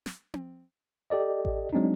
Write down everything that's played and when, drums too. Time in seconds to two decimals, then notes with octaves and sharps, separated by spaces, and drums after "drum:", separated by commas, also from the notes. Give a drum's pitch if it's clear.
0.06 drum: snare
0.34 drum: tom C4
1.10 G4 A4 D5 D#5
1.45 drum: kick A1
1.73 F#3 G#3 C4 D4 D#4